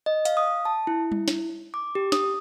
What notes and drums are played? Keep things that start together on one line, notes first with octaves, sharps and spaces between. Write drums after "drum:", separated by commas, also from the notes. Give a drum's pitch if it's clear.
D#5
F5, drum: hi-hat
D#6
A5
E4
drum: tom G3
drum: snare
D6
G4
D#6, drum: snare